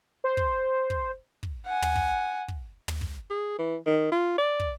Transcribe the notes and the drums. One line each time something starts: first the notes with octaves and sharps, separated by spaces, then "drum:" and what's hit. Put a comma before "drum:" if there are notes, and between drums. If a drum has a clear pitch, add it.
C5
drum: kick
drum: kick
drum: kick
F#5 G#5
drum: tom
drum: kick
drum: kick
drum: tom
drum: kick
G#4
E3
D#3
F4
D5
drum: kick